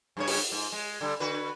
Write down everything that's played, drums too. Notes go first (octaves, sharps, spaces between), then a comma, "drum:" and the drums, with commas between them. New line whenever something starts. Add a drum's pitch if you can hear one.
G2 C#3 C#5
drum: open hi-hat
G#2
G#3
D3 G3
D3 F#4 B4